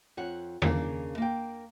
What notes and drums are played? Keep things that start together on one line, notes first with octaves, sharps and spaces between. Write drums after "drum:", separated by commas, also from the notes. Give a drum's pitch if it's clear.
F2 C#5 F#5
C#3 A#3 D4, drum: tom E2
A#3 G5